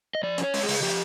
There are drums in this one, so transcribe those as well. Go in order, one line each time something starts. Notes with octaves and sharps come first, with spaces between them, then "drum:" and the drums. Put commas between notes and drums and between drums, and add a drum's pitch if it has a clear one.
D#5
F3 D5
C#4, drum: hi-hat
C#5
G#3, drum: open hi-hat
G#4
C#3, drum: open hi-hat
F3 G4